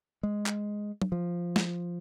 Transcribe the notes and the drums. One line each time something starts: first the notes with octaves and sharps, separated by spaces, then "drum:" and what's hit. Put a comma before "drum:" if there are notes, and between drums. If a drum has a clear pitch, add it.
G#3
drum: clap
drum: tom F#3
F3
drum: snare